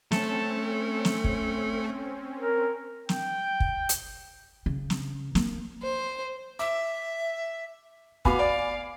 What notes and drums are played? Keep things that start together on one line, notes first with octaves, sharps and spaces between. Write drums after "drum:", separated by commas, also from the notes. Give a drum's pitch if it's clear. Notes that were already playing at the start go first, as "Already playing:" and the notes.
A3 C4 C#4 A4, drum: snare
drum: snare
drum: kick
A#4
G5, drum: snare
drum: kick
drum: hi-hat
C#3
drum: snare
A#3, drum: snare
C5
E5 D6
B3 F#4 F5 G#5 B5 D6, drum: kick
D5